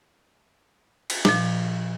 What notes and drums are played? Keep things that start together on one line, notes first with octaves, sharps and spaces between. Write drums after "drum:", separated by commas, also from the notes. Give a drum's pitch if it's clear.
drum: cymbal
A#2 F3, drum: snare